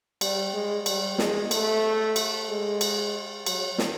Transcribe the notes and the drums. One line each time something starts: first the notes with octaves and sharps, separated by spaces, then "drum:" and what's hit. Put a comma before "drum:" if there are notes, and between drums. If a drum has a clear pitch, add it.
G3, drum: cymbal
G#3
G3, drum: cymbal
G#3, drum: snare
A3, drum: cymbal
drum: cymbal
G#3
drum: cymbal
F#3, drum: cymbal
drum: snare